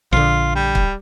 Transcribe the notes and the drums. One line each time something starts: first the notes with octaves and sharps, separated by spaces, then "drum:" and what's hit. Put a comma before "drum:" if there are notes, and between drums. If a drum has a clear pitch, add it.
A#1 D3 F4
G3
drum: kick